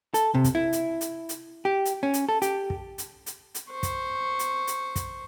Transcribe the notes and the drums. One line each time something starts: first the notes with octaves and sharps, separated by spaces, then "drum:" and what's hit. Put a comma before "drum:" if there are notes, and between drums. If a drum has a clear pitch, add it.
A4, drum: hi-hat
C3
drum: kick, hi-hat
E4
drum: hi-hat
drum: hi-hat
drum: hi-hat
G4
drum: hi-hat
C#4
drum: hi-hat
A4
G4, drum: hi-hat
drum: kick
drum: hi-hat
drum: hi-hat
drum: hi-hat
C5 C#6
drum: kick, hi-hat
drum: hi-hat
drum: hi-hat
drum: kick, hi-hat